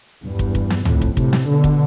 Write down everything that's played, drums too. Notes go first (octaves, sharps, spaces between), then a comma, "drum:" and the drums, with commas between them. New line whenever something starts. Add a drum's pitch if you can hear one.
E2 G2
drum: kick
drum: kick
drum: snare
F2 A2, drum: tom C#2
drum: kick
A2 C3, drum: kick
drum: snare
B2 D3
drum: kick